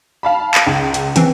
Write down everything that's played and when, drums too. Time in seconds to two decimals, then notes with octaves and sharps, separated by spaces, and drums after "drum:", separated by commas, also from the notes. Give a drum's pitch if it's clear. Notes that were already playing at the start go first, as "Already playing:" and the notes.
0.23 F5 A5 B5
0.55 G#6, drum: clap
0.67 C#2
0.94 drum: hi-hat
1.16 E3 C4 C#4, drum: hi-hat